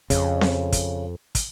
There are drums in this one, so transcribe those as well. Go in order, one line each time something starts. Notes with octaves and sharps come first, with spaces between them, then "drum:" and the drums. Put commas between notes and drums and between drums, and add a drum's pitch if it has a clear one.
F2 C#3, drum: kick, hi-hat
drum: snare C4
drum: kick, hi-hat
drum: kick, hi-hat